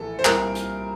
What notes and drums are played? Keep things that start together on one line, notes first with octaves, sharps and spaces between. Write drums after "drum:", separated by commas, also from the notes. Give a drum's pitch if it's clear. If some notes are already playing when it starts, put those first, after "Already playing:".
Already playing: A#1 A2 E3 A4
C5
C2 A#2 A#4, drum: clap
drum: hi-hat